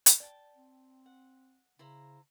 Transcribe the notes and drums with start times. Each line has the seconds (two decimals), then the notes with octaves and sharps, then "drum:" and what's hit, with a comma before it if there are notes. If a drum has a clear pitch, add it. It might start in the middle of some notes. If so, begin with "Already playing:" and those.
0.06 drum: hi-hat
0.20 D5 G5 A5
0.55 C4
1.06 F#5
1.79 C#3 E4 C5 A#5